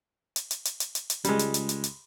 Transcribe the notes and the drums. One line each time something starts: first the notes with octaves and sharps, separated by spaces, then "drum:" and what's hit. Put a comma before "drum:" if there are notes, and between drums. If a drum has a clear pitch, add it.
drum: hi-hat
drum: hi-hat
drum: hi-hat
drum: hi-hat
drum: hi-hat
drum: hi-hat
C#2 G3 G#3, drum: hi-hat
drum: hi-hat
drum: hi-hat
drum: hi-hat
drum: hi-hat